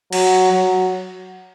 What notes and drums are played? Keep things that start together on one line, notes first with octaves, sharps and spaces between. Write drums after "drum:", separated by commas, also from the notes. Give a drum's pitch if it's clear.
F#3, drum: cymbal
F#3